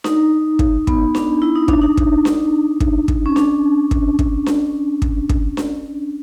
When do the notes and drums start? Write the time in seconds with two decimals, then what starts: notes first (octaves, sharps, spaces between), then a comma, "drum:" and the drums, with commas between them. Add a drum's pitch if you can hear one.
0.04 D#4, drum: snare D4
0.59 drum: kick
0.87 B3, drum: kick
1.15 D4, drum: snare D4
1.42 E4
1.55 D#4
1.68 D4, drum: kick
1.82 D#4
1.97 drum: kick
2.25 drum: snare D4
2.80 drum: kick
3.08 drum: kick
3.26 C#4
3.36 D4, drum: snare D4
3.91 drum: kick
4.19 drum: kick
4.46 drum: snare D4
5.02 drum: kick
5.29 drum: kick
5.57 drum: snare D4